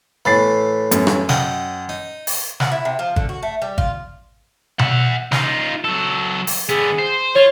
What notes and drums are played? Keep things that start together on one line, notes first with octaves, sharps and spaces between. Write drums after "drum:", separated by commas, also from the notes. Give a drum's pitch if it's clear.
A2 E3 B5 A6 C7
F#2, drum: hi-hat
drum: rim click
D#5 F#5 G5, drum: snare
D#4
drum: open hi-hat
F#5, drum: snare
E4
C3
F3
D3, drum: kick G#1
F#4
A3
G3
F4, drum: kick G#1
E5 F#5, drum: tom B2
D#4 F4, drum: snare
F#3 A4
drum: open hi-hat
D3 B3 G#4
C5
F4 C#5